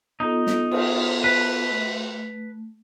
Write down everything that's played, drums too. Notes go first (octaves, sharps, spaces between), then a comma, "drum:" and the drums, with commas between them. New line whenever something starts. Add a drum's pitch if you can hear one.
B3 D#4 F4 A4
drum: snare
drum: cymbal
B4
A3